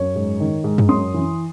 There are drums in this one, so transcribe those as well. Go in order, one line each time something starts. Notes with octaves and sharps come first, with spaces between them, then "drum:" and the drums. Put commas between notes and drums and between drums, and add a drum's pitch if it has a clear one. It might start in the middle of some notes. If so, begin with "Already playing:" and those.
Already playing: F#2 C#5
G#2
D#3
G#2
drum: tom F#2
F#2 C6 D#6
E3